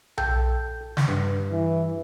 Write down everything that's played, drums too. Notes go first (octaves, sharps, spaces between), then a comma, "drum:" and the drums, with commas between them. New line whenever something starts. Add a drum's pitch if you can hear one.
A4 G5 G6, drum: tom B1
drum: snare
G2 B4
E3